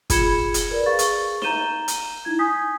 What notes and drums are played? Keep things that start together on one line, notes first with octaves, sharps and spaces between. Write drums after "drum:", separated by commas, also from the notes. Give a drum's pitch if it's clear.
F4 G#4 B5 G#6 C#7 E7, drum: kick, hi-hat
drum: hi-hat
A#4 B4 D5
G#4 F5 C#6 A6
drum: hi-hat
A#5 G6 D#7 E7 G7, drum: snare D#4
drum: hi-hat
D#4 E4 G#6
G#5 D#6 G6 B6